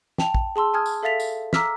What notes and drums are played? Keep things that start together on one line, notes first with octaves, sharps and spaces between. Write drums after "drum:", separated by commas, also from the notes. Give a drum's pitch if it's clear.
G5 A5 F7, drum: snare
drum: kick
G#4 A5 C6 E6
G#5 A5 D#6 F6 G#6
drum: tambourine
A4 E5 F5 A6 B6 F7
drum: tambourine
A#5 D6 E6 F6 B6, drum: snare